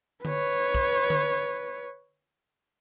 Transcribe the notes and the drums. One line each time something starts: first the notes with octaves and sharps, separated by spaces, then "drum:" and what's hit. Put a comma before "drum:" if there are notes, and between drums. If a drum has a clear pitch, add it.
B4 C#5, drum: tom D3
drum: kick
drum: tom D3